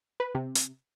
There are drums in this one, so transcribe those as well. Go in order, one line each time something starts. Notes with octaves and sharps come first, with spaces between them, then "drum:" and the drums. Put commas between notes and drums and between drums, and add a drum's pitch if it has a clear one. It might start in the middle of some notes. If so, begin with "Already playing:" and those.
B4
C3
drum: hi-hat